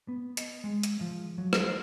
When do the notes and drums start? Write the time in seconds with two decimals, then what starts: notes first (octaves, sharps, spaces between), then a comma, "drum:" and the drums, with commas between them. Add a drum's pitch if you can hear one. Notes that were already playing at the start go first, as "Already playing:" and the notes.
0.08 B3
0.37 D#5, drum: hi-hat
0.64 G#3
0.83 drum: hi-hat
1.01 F3
1.38 F#3
1.53 drum: rim click
1.68 C5